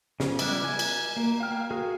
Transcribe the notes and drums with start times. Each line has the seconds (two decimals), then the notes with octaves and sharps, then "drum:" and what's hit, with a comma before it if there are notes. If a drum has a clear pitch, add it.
0.20 C#3 F3, drum: snare
0.39 G3 G#3 B3 E4 D5, drum: cymbal
0.65 G#5
0.79 drum: cymbal
1.16 A#3
1.40 F5 G5 F6
1.70 F#4 G#4 A#4 F5